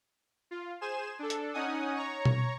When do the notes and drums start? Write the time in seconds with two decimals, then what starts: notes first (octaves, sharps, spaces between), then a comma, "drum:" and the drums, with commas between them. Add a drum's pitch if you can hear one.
0.51 F4
0.81 G#4 C5 G#5 E7
1.19 D4 A4
1.30 drum: hi-hat
1.53 C#4 D#4 F#5 G#5 D#6
1.96 C#5 A#5 C#6
2.25 drum: tom B2